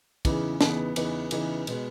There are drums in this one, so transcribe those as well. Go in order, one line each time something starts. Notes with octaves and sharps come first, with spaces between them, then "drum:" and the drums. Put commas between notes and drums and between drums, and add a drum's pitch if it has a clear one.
E2 C#3 E3 B3 D#4, drum: kick, cymbal
E2 C#3 E3 B3 D#4, drum: snare
E2 C#3 E3 B3 D#4, drum: cymbal
E2 C#3 E3 B3 D#4, drum: cymbal
B2 G#3 B3, drum: cymbal